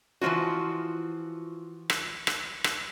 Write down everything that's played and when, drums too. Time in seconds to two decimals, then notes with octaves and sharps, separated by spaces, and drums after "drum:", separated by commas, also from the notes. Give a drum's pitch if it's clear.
0.21 E3 F3 A#3 F4 F#4
1.90 drum: rim click
2.27 drum: rim click
2.64 drum: rim click